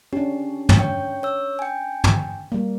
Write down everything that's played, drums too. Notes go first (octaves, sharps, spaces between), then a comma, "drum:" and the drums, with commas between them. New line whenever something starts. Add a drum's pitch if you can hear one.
C#4 D4 G4
drum: tom
C#5 G5
C#5 E6
G5 G#5
drum: tom
G3 A#3